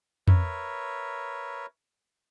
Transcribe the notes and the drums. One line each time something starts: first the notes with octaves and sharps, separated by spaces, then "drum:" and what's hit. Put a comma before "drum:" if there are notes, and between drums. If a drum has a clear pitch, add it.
A#4 B4 C#5 E5, drum: tom F2